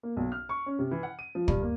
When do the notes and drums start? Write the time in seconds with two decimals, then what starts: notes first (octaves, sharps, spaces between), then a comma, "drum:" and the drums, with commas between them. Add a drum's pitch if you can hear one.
0.03 A#3
0.16 B1
0.32 F6
0.49 C#6
0.66 C#4
0.79 C3
0.91 E3
1.03 F#5
1.19 D#7
1.35 F3
1.48 G2, drum: kick
1.63 A#3